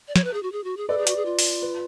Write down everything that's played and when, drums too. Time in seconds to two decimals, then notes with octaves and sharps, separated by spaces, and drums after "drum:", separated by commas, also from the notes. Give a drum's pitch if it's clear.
0.08 D5
0.16 C#5, drum: snare
0.24 B4
0.33 G#4
0.43 F#4
0.52 G#4
0.64 F#4
0.77 G#4
0.89 A4 B4 D5
0.98 G#4
1.07 F#4, drum: hi-hat
1.16 G#4
1.25 F4
1.39 drum: open hi-hat
1.62 B4